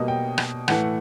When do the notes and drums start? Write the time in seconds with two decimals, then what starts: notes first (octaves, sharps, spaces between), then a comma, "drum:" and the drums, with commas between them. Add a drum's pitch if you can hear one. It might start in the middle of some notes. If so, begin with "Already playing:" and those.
Already playing: B2 G3 A#3 D#5
0.08 G5
0.38 drum: rim click
0.68 A2 E3 A3 F#5, drum: rim click